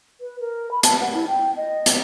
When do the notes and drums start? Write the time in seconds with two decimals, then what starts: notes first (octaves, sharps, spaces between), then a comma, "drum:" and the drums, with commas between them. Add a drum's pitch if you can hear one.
0.21 B4
0.40 A#4
0.71 B5
0.83 A5, drum: hi-hat
1.01 F#5
1.14 E4
1.28 G5
1.57 D#5
1.86 drum: hi-hat